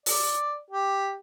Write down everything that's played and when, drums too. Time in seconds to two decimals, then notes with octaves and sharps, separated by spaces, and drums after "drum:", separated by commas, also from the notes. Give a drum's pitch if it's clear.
0.06 D5, drum: open hi-hat
0.70 G4